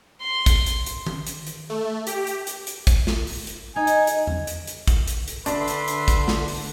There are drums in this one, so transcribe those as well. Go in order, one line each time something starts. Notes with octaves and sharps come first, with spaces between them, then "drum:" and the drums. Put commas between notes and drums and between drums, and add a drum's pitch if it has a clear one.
C6
drum: kick, hi-hat
drum: hi-hat
drum: hi-hat
drum: tom D#3
drum: hi-hat
drum: hi-hat
A3
G4, drum: hi-hat
drum: hi-hat
drum: hi-hat
drum: hi-hat
drum: kick, hi-hat
drum: snare
drum: open hi-hat
drum: hi-hat
D#4 G#5
drum: hi-hat
drum: hi-hat
drum: tom E2
drum: hi-hat
drum: hi-hat
drum: kick, hi-hat
drum: hi-hat
drum: hi-hat
D3 D4 B4 E5 C6, drum: hi-hat
drum: hi-hat
drum: hi-hat
drum: kick, hi-hat
drum: snare
drum: open hi-hat